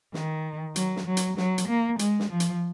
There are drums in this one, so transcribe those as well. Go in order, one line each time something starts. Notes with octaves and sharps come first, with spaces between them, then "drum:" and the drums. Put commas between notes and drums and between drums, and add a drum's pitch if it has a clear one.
D#3, drum: snare
F#3, drum: hi-hat
drum: snare
F#3
drum: hi-hat
F#3, drum: snare
drum: hi-hat
A#3
G#3, drum: hi-hat
drum: snare
F3
drum: hi-hat